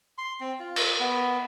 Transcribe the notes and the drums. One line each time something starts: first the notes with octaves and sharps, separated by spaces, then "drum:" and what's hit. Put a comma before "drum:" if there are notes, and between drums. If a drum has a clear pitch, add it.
C6
C4
F4
drum: cymbal
B3